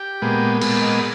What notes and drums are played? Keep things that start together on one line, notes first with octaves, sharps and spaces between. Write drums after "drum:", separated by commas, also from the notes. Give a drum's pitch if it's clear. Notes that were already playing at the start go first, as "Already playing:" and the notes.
Already playing: G4
A#2 G#3 B3
A#2 G#3 B3, drum: cymbal
D#5